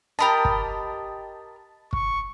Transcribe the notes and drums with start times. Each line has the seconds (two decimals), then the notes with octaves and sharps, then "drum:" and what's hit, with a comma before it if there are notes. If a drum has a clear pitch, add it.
0.19 G4 A#4 D#5 A5 B5
0.45 drum: kick
1.93 C#6, drum: kick